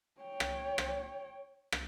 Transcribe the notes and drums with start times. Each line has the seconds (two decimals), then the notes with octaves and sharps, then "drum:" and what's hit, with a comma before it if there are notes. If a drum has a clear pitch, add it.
0.21 C#5 G5
0.40 drum: rim click
0.78 drum: rim click
1.72 drum: rim click